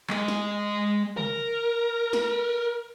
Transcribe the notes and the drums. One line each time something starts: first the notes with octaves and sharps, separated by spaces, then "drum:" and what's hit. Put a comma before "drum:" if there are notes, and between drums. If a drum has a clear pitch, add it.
G#3 D#5, drum: clap
drum: snare
A#4, drum: tom
drum: snare